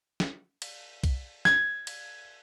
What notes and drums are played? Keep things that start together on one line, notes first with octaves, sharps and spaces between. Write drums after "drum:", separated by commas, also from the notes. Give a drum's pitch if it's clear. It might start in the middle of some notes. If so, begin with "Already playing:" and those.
drum: snare
drum: cymbal
drum: kick C2, cymbal
G#6, drum: snare
drum: cymbal